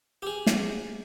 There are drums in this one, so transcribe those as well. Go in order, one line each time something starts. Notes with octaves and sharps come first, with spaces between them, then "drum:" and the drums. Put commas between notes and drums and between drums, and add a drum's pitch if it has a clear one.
G4 G#4
drum: snare